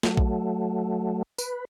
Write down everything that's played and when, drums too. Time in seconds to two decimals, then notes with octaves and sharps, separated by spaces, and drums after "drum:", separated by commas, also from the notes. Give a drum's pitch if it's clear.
0.03 F#3 A3, drum: snare
0.17 drum: kick A#1
1.38 B4, drum: tambourine